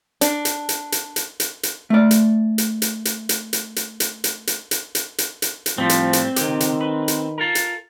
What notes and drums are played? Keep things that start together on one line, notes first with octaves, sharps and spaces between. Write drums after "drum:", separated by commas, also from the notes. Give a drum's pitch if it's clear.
D4, drum: hi-hat
drum: hi-hat
drum: hi-hat
drum: hi-hat
drum: hi-hat
drum: hi-hat
drum: hi-hat
A3 D5
drum: hi-hat
drum: hi-hat
drum: hi-hat
drum: hi-hat
drum: hi-hat
drum: hi-hat
drum: hi-hat
drum: hi-hat
drum: hi-hat
drum: hi-hat
drum: hi-hat
drum: hi-hat
drum: hi-hat
drum: hi-hat
drum: hi-hat
A2 F3 G3 C4
drum: hi-hat
drum: hi-hat
C#2 C3 D#3 G4, drum: hi-hat
drum: hi-hat
B4
drum: hi-hat
F4 A4 A#4
drum: hi-hat